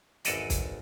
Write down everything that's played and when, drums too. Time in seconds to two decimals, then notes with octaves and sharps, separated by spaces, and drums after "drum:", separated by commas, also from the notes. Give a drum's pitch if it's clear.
0.25 G#1 E2 A4 D5 D#5 F#5, drum: hi-hat
0.50 drum: kick, hi-hat